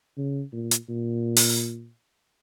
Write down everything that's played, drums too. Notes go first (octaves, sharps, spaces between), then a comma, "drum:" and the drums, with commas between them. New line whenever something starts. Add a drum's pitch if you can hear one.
C#3
A#2
drum: hi-hat
A#2
drum: open hi-hat